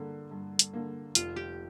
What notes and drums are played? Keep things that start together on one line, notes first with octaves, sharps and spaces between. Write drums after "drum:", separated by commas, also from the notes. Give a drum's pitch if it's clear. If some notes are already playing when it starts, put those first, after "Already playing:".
Already playing: G2 D3 A#3
G2
drum: hi-hat
D3 A#3
F1 F4, drum: hi-hat
G4